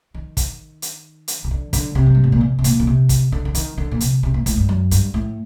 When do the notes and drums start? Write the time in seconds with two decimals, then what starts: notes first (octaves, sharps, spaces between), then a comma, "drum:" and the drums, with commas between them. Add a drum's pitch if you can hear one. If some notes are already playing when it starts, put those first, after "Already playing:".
0.14 D#3
0.37 drum: kick, hi-hat
0.82 drum: hi-hat
1.28 drum: hi-hat
1.44 C3
1.51 D3
1.73 D3, drum: kick, hi-hat
1.95 C3
2.06 F#2
2.15 G2
2.24 A2
2.32 A#2
2.41 C3
2.59 C3
2.64 A#2, drum: hi-hat
2.79 D3
2.87 C3
3.09 drum: kick, hi-hat
3.32 D3
3.45 D3
3.55 D#3, drum: hi-hat
3.77 D3
3.91 A#2
4.00 C3, drum: hi-hat
4.23 C3
4.34 A#2
4.46 A2, drum: kick, hi-hat
4.57 G2
4.69 F#2
4.91 G2, drum: hi-hat
5.14 A2